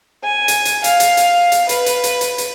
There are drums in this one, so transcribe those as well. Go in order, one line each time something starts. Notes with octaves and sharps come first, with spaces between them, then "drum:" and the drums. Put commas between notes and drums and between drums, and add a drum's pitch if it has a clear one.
G#5
drum: hi-hat
drum: hi-hat
F5, drum: hi-hat
drum: hi-hat
drum: hi-hat
drum: hi-hat
B4, drum: hi-hat
drum: hi-hat
drum: hi-hat
drum: hi-hat
drum: hi-hat